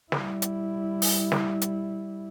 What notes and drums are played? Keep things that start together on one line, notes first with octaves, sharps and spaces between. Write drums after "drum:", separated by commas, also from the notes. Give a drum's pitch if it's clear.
G3 E4, drum: snare
drum: hi-hat
drum: open hi-hat
drum: snare
drum: hi-hat